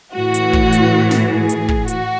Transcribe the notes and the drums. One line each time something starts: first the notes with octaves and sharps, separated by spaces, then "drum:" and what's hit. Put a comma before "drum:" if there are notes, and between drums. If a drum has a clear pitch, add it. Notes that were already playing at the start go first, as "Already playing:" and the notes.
A2 E3 F#4
drum: hi-hat
drum: kick
drum: hi-hat
drum: snare
G#4
drum: hi-hat
drum: kick
F#4, drum: hi-hat